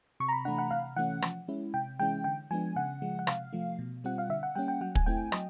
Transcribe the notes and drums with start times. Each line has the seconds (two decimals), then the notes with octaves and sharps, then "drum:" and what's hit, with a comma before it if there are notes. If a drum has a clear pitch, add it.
0.20 C3 C#6
0.28 A#5
0.33 B5
0.45 E3 A3 D4 F#5
0.58 F#5
0.71 C3 F5
0.96 E3 A3 C#4 F#5
1.22 F3, drum: rim click
1.48 G#3 C#4 E4
1.74 C3 G5
1.99 E3 G#3 C#4 E4 G5
2.24 D3 G5
2.51 F3 G#3 B3 D4 G#5
2.76 C#3 F#5
3.02 F3 G#3
3.19 F#5
3.27 C3 F5, drum: rim click
3.53 F3 A3
3.79 B2
4.04 G3 C4 F4 F#5
4.18 F5
4.29 D3 E5
4.43 F#5
4.55 G3 A#3 C#4 G5
4.68 G5
4.81 F#3 F#5
4.95 G#5, drum: kick
5.06 A3 C4 E4 G5
5.32 F#3 D#5, drum: rim click